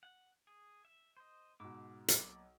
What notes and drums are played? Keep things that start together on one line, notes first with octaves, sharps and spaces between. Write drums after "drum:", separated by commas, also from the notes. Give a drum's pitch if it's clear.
F#5
G#4
E5
C5 D#5
G#2 B2 D6 E6
B1 A#3 D5, drum: hi-hat